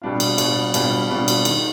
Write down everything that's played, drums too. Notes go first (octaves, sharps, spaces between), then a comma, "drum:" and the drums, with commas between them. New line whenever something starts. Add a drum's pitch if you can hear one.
B2 G3 D4 F4
drum: cymbal
B2 G3 D4 F4, drum: cymbal
B2 G3 D4 F4, drum: cymbal
B2 G3 D4 F4
drum: cymbal
D#3, drum: cymbal